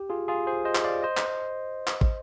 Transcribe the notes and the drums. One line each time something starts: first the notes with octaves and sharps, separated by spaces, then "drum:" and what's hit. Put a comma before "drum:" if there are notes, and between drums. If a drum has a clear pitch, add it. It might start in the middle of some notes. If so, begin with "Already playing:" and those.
Already playing: G4
F4 G#4
F4 G#4
G#4 C5
C5 D#5
drum: clap
D5 F5
C5 D#5
drum: clap
drum: clap
drum: kick